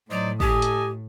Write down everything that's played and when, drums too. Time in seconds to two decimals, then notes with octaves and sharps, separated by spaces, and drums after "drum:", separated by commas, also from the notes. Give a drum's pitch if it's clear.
0.11 A2 F#3 D#4 C5 D5
0.40 G4 A4 D#5 G#5 D#6, drum: kick
0.62 drum: hi-hat